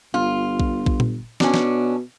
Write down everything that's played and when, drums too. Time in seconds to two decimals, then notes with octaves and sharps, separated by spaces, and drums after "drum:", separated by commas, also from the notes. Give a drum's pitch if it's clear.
0.14 G1 F4
0.60 drum: kick A#1
0.86 drum: kick A#1
1.00 drum: tom A#2
1.40 B2 C#4 D4, drum: snare
1.54 drum: snare